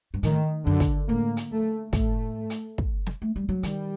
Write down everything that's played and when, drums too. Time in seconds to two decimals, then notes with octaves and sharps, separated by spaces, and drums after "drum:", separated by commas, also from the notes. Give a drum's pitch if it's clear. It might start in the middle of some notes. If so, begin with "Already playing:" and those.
0.14 G2
0.23 A2 D#3, drum: hi-hat
0.66 F#2 D3
0.80 drum: kick, hi-hat
1.08 A2 A#3
1.37 drum: hi-hat
1.51 A3
1.93 A2 A3, drum: kick, hi-hat
2.50 drum: hi-hat
2.78 drum: kick
3.07 drum: snare
3.22 A3
3.36 G3
3.49 F#3
3.63 D#3 G3, drum: hi-hat